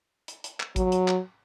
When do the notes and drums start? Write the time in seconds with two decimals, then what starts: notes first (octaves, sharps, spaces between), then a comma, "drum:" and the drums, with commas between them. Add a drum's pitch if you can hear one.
0.28 drum: hi-hat
0.44 drum: hi-hat
0.60 drum: clap
0.76 F#3, drum: kick A1, hi-hat
0.92 drum: hi-hat
1.08 drum: clap